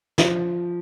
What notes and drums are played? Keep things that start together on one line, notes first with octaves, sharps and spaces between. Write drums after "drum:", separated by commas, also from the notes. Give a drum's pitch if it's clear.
F3, drum: snare